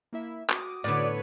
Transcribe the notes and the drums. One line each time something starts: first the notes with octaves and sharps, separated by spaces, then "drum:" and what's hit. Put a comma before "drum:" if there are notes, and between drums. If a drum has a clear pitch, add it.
A#3 E4 E5
F#4 D6 D#6, drum: clap
A2 D3 B3 B4 C#5 D5